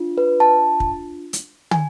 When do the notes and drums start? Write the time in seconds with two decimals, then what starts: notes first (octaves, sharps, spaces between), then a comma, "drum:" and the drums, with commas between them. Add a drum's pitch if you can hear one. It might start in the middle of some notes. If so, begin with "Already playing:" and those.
Already playing: D4 F4
0.18 B4
0.40 A5
0.80 drum: kick
1.33 drum: hi-hat
1.71 G#5, drum: tom